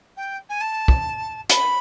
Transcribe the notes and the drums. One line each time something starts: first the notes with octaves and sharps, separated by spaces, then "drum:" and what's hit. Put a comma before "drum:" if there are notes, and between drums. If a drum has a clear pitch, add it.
G5
G#5
A5
drum: kick
B5, drum: hi-hat